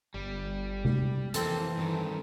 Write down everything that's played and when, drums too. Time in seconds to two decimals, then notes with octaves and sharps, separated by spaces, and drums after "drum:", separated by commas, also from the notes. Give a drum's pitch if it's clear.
0.14 G1 G3
0.85 drum: tom C3
1.34 F2 E3 A#3 C4 A4, drum: hi-hat
1.77 G2 D#3